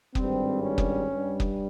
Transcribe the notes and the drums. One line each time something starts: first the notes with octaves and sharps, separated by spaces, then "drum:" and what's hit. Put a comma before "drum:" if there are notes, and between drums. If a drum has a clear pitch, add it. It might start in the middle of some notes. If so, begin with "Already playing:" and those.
G#1 G2 G3 C4, drum: kick
C#4
drum: kick
G2 G3
drum: kick